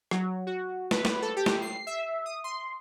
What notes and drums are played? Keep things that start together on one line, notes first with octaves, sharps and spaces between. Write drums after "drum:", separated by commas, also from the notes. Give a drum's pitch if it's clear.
F#3, drum: rim click
F#4
B4, drum: snare
drum: snare
A4
G4
drum: snare
C7
E5
D#6
C6